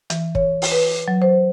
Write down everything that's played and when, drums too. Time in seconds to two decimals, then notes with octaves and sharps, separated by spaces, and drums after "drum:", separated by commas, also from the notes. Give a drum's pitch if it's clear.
0.10 E3, drum: hi-hat
0.35 C#5, drum: kick
0.62 drum: open hi-hat
0.72 B4
1.08 F#3
1.22 C5